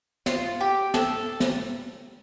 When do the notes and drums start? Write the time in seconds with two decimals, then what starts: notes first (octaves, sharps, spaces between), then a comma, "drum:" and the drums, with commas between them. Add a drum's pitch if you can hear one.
0.26 F4, drum: snare
0.61 G4
0.94 A4, drum: snare
1.40 drum: snare